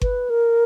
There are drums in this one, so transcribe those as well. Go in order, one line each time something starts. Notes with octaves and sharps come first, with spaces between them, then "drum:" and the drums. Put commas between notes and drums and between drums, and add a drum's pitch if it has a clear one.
B4, drum: kick G1
A#4